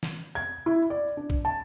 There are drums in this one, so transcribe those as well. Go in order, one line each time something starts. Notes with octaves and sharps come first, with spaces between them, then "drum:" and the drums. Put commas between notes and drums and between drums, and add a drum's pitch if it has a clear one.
drum: snare
G#6
E4
D5
D4
drum: kick
A5